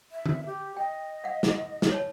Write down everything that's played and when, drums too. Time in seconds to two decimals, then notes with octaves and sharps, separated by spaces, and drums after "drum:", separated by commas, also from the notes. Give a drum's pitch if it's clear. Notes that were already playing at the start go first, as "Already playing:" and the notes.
0.12 E5
0.26 drum: tom D3
0.46 G4
0.77 D#5 G5
1.24 F5 F#5
1.43 drum: snare
1.82 drum: snare
1.92 C#5 A5